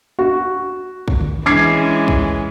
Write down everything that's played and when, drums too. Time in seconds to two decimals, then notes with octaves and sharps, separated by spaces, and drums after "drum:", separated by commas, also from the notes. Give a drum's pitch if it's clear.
0.19 F#4
1.08 drum: kick
1.21 drum: tom
1.46 E3 G#3 C#4 D6 G#6 C7
2.08 drum: kick